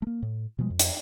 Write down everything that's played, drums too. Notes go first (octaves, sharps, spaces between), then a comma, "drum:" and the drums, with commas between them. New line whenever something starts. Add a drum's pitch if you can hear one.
A3 A#3
A2
B2 F3 G3 G#3
F2
drum: hi-hat